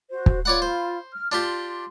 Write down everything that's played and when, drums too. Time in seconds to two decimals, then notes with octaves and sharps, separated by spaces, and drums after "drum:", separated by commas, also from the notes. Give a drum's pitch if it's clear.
0.10 F#4 C5
0.26 drum: kick
0.45 F4 C#5 D5 F#5 B5
0.62 C5
1.13 F6
1.32 D4 F4 G4 C6